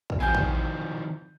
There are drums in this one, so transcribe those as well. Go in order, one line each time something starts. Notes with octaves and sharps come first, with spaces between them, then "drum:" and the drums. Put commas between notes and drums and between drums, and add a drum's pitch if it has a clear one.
drum: kick
D#3 F3 C4 G#5 G6
drum: kick